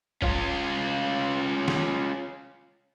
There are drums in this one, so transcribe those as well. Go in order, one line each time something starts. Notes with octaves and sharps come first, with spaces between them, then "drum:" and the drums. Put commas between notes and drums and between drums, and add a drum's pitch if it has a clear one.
C#4 F4, drum: kick
drum: snare